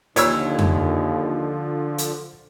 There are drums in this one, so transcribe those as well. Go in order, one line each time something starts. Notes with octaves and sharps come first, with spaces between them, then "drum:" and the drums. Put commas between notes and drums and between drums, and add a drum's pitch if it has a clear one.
D#2 A#2 D3 F3 C#5 E6, drum: hi-hat
drum: tom F2
drum: hi-hat